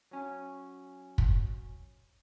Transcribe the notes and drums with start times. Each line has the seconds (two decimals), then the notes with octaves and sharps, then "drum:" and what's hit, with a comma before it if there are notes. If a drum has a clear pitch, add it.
0.11 F#3 C#4
1.18 drum: kick